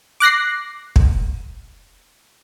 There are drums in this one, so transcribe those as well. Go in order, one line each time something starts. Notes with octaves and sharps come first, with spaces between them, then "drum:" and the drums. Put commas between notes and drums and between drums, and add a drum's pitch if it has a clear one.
D6 F#6 A#6 C7
drum: kick